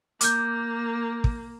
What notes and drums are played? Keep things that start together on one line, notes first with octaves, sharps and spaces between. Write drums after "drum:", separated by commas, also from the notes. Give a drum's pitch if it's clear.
A#3 D6 F6 G6, drum: hi-hat
drum: kick